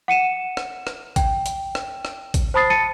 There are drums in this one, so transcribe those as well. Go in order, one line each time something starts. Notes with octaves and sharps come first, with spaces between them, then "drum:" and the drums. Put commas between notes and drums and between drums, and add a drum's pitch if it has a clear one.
F#5 C#7 D#7 E7
drum: rim click
drum: rim click
G5, drum: kick A1, hi-hat
drum: hi-hat
drum: rim click
drum: rim click
drum: kick A1, hi-hat
C5 A5 B5 D#6 A6 C7
A5 A6 C#7 D#7